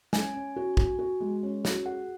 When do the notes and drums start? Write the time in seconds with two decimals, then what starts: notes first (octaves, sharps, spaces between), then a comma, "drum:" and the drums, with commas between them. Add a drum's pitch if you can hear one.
0.13 C#4 G#5, drum: snare
0.34 C#4
0.56 F#4
0.77 F#4, drum: kick
0.99 F#4
1.20 G#3
1.43 C#4
1.65 F#4, drum: snare
1.86 G#4 F#5